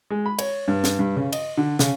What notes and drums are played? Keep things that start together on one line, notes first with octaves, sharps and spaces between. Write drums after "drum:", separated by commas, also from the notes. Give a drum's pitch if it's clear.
G#3
B5
C#5, drum: cymbal
G2
drum: snare
G2
C#3
D#5, drum: cymbal
D3
C#3, drum: snare